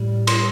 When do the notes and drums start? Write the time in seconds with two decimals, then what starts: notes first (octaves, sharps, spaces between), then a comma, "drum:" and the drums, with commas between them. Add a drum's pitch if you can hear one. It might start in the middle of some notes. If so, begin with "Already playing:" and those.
Already playing: A2 G3
0.27 C6, drum: cymbal